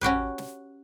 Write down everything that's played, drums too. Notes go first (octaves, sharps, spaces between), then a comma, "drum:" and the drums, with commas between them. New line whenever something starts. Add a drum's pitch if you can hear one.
C#4 F#4 G4 B4, drum: tom A1
drum: snare